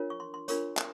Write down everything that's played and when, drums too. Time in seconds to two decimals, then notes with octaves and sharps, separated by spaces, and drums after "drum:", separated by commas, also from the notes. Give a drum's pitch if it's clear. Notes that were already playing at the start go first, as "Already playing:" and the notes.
Already playing: D4 F4 A#4 C#5
0.10 C#6
0.20 C6
0.34 C6
0.48 D4 F4 A#4 C#5 C#6, drum: hi-hat
0.77 drum: clap